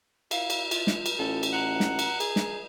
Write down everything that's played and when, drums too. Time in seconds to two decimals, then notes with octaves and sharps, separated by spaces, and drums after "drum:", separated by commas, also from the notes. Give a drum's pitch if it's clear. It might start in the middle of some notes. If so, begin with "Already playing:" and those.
0.31 E4 F5, drum: cymbal
0.50 drum: cymbal
0.71 E4 F4, drum: cymbal
0.87 drum: snare
1.06 drum: cymbal
1.19 A1 A4
1.43 drum: cymbal
1.53 F#5 A#5
1.80 drum: snare
1.99 drum: cymbal
2.20 G#4, drum: cymbal
2.36 drum: snare